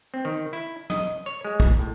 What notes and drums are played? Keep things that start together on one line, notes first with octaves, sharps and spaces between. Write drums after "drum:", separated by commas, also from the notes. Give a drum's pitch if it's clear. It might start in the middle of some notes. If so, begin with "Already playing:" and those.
C4
D#3
E4
D#5, drum: tom
C#5
G#3
drum: kick
A2